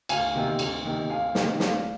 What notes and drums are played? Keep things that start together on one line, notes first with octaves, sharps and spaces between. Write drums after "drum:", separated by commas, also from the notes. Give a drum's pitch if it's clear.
D2 F5 G#5, drum: cymbal
C3 D#3 A#3 D#4
D2, drum: cymbal
C3 D#3 A#3 D#4
D2 F5 G#5
C3 D#3 A#3 D#4, drum: snare
D2 D5 F5, drum: snare